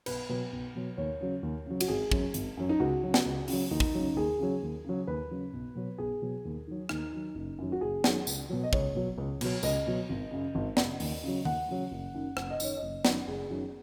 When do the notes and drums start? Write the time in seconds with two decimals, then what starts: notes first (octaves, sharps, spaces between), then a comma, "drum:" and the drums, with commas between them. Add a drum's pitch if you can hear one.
0.06 B1 B4, drum: cymbal
0.29 B2 F#3 B4
0.52 B1
0.75 B2 F#3
0.97 D#2 C#5
1.21 C#3 F#3
1.43 D#2
1.66 C#3 F#3
1.80 F#4, drum: cymbal
1.88 G#1 G#4
2.11 F#2 F#3, drum: kick
2.34 G#1, drum: hi-hat
2.57 F#2 F#3
2.69 D#4
2.80 C#2 F#4
3.03 C#3 F#3
3.14 drum: snare
3.25 C#2
3.48 C#3 F#3, drum: open hi-hat
3.71 D#2 D#4
3.80 drum: kick
3.94 C#3 F#3
4.16 D#2 G#4
4.39 C#3 F#3
4.63 D#2
4.84 C#3 F#3
5.07 D#2 B4
5.31 C#3 F#3
5.53 B1
5.75 B2 F#3
5.98 B1 G#4
6.22 B2 F#3
6.45 D#2
6.67 D#3 F#3
6.89 D#2 D#4, drum: rim click
7.13 D#3 F#3
7.35 F#1
7.59 F#2 D#3 F#3
7.72 F#4
7.81 F#1 G#4
8.04 F#2 D#3 F#3, drum: snare
8.27 C#2, drum: tambourine
8.49 B2 F#3
8.63 D#5
8.73 C#2 C#5, drum: kick
8.95 B2 F#3
9.18 C#2
9.41 B2 F#3, drum: cymbal
9.63 C#2 D#5, drum: tambourine
9.87 B2 F#3
10.09 G#1
10.31 F#2 C#3
10.55 G#1
10.77 F#2 C#3, drum: snare
11.00 D#2, drum: open hi-hat
11.23 C#3 F#3
11.45 D#2 F#5, drum: tom D#3
11.69 C#3 F#3
11.91 F#1
12.14 F#2 D#3
12.37 F#1 F#5, drum: rim click
12.50 D#5
12.60 F#2 D#3 C#5, drum: tambourine
12.77 D#5
12.82 F#1
13.05 F#2 D#3 F#3, drum: snare
13.27 F#1 G#4
13.50 F#2 D#3 F#3